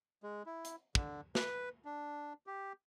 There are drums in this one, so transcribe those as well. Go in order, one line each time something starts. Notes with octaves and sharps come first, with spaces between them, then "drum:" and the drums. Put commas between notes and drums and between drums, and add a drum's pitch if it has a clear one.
G#3
E4
drum: hi-hat
D3, drum: kick
B4, drum: snare
D4
G4